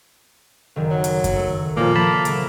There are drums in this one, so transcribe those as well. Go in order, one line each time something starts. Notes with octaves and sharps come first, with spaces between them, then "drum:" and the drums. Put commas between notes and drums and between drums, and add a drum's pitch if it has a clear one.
F#1 D#3
F#3
drum: hi-hat
drum: kick F#2, hi-hat
A3
A#2 F3 A#3
F3 A5 B5 D#6
C#3 F#3 A3, drum: hi-hat